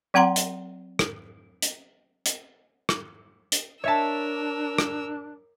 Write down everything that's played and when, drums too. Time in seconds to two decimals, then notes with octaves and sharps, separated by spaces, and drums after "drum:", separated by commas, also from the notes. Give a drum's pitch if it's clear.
0.14 F#3 C4 F#5 A#5 C6
0.36 drum: hi-hat
0.99 drum: rim click
1.62 drum: hi-hat
2.26 drum: hi-hat
2.89 drum: rim click
3.52 drum: hi-hat
3.84 D4 A#4 C#5 E5 A5 E6
4.78 drum: rim click